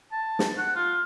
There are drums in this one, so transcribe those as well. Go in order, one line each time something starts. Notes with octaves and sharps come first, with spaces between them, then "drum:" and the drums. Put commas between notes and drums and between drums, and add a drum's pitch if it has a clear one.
A5
drum: snare
F#5
F4